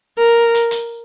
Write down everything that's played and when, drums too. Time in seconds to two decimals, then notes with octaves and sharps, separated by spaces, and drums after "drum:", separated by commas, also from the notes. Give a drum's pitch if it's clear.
0.18 A#4
0.55 drum: hi-hat
0.71 drum: hi-hat